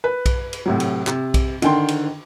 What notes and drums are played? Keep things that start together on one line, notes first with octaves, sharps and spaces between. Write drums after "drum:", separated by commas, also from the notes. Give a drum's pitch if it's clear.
B4
drum: kick B1, cymbal
drum: cymbal
A2 C3 F#3
drum: cymbal
C3, drum: clap
drum: kick B1, cymbal
D3 D#3 G5 C6, drum: cymbal
drum: cymbal